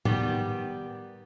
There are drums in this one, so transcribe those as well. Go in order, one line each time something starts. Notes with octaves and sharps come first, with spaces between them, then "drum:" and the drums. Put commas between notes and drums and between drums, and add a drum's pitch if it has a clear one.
D#3 G3 B3, drum: tom A2